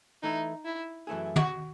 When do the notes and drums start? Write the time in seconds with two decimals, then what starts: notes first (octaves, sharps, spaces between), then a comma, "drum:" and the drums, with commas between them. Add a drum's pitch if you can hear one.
0.23 E3 A3 D#4 E4
0.65 E4
1.07 F#2 E3 A3 E4 G#4
1.36 F#4, drum: tom